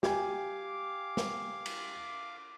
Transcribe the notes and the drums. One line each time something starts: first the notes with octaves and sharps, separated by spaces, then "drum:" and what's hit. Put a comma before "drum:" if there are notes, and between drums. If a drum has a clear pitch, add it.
G4 F5 G#5 D6, drum: snare
drum: snare
drum: cymbal